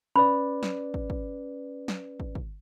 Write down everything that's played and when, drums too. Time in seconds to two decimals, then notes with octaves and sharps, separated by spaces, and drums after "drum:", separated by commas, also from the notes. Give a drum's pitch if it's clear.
0.16 C#4 B4 D5 B5
0.63 drum: snare
0.94 drum: kick
1.10 drum: kick
1.88 drum: snare
2.20 drum: kick
2.35 drum: kick